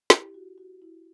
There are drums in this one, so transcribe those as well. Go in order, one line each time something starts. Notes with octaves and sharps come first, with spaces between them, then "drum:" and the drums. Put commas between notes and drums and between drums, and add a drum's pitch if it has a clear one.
E4 G4, drum: snare
F#4
F#4
E4